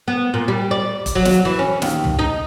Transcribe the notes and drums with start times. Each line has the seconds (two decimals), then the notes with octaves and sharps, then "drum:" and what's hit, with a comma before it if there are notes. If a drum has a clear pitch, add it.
0.08 B3
0.34 A#2
0.48 G3
0.71 D5
1.06 drum: kick E1, hi-hat
1.15 F#3
1.25 drum: snare
1.45 E3
1.59 C#4
1.82 D#2, drum: snare
2.04 drum: tom
2.19 D#4